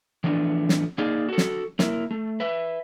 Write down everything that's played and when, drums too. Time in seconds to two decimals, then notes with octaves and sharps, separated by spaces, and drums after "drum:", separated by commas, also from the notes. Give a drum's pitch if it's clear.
0.24 E3 F3 A3 B3 D4
0.69 drum: snare
0.98 A#3 D#4 G#4 D5 F5
1.29 F#4 A4
1.38 drum: snare
1.79 A#3 E4 A#4, drum: snare
2.11 A3
2.40 B4 E5